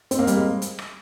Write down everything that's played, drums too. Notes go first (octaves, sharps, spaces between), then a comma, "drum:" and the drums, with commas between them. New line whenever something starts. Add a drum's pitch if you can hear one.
C4, drum: hi-hat
A#3
G3, drum: hi-hat
G#3
drum: hi-hat
drum: rim click